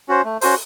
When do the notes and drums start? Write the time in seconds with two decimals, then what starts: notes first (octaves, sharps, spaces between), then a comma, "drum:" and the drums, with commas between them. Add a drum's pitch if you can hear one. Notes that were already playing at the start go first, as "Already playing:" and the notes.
0.09 C#4 F#4 C5
0.24 A3
0.41 C#4 F#4 C5, drum: open hi-hat